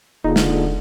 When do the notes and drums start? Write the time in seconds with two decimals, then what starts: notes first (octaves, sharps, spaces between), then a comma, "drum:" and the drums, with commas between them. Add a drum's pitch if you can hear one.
0.24 D#1 D3 A#3 D#4 F4 G#4
0.36 drum: snare